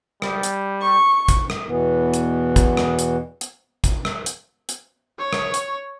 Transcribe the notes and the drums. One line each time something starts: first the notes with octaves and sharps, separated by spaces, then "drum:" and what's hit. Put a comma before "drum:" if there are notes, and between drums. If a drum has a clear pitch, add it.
G3, drum: rim click
drum: hi-hat
C#6
drum: kick, hi-hat
drum: rim click
E2 B2 E3 B3
drum: hi-hat
drum: kick, hi-hat
drum: rim click
drum: hi-hat
drum: hi-hat
drum: kick, hi-hat
drum: rim click
drum: hi-hat
drum: hi-hat
C#5
drum: rim click
drum: hi-hat